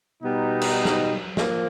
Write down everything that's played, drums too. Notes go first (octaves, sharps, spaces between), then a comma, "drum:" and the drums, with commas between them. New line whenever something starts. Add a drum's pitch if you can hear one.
B2 G3 B3 D#4
drum: cymbal
drum: snare
F3 A#3, drum: snare